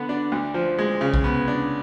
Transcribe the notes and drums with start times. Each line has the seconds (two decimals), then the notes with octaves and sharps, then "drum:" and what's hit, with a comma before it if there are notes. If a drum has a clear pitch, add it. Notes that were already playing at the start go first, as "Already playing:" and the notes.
Already playing: D3 B3
0.09 D4
0.32 D2
0.54 F3
0.78 G#3
1.01 C#3
1.14 drum: kick A#1
1.24 B3
1.48 D4